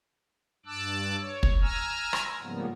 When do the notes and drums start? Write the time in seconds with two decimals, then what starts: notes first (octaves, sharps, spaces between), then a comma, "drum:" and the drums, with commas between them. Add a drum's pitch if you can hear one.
0.66 G2 A5 D6 E6 F#6
1.19 C#5
1.43 drum: kick
1.61 G#5 A#5 E6 F6
2.13 drum: rim click
2.42 G#2 C#3 F3 G3 A#3 B3